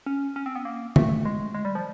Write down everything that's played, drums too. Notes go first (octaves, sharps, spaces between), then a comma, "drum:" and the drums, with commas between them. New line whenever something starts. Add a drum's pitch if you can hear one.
C#4
C#4
C4
B3
A#3
A3, drum: tom D3
G#3
G#3
G3
F3